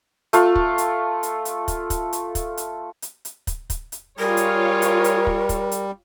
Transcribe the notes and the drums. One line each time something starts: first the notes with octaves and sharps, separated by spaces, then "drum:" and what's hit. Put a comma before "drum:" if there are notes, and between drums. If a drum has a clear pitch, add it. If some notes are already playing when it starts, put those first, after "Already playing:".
A3 F4, drum: hi-hat
drum: kick
drum: hi-hat
drum: hi-hat
drum: hi-hat
drum: kick, hi-hat
drum: kick, hi-hat
drum: hi-hat
drum: kick, hi-hat
drum: hi-hat
drum: hi-hat
drum: hi-hat
drum: kick, hi-hat
drum: kick, hi-hat
drum: hi-hat
G3 F4 G#4 A#4 C#5
drum: hi-hat
drum: hi-hat
drum: hi-hat
drum: kick
drum: kick, hi-hat
drum: hi-hat